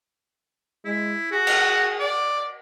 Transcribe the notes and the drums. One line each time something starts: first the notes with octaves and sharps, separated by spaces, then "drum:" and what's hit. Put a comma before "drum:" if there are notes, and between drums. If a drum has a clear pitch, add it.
G#3 E4
F#4 G#4
drum: cymbal
D5